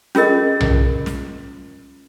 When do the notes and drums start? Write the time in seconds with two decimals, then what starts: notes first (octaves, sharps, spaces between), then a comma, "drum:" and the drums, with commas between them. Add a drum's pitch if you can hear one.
0.15 C#4 F4 G#4 A#4 D#5, drum: snare
0.61 drum: tom B1
1.06 drum: snare